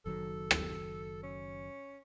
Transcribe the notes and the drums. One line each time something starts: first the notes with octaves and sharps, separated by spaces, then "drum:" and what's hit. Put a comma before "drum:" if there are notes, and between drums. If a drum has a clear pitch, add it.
F#1 D#3 F#3 A4
drum: rim click
C#4